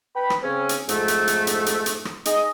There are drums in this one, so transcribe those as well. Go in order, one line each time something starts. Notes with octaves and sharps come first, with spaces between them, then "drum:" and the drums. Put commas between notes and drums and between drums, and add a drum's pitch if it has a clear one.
B4 G5 B5
drum: rim click
C#3 C4 C#4
drum: hi-hat
F2 G#2 A3, drum: hi-hat
drum: hi-hat
drum: hi-hat
drum: hi-hat
drum: hi-hat
drum: hi-hat
drum: rim click
D#4 G#4 D#5, drum: hi-hat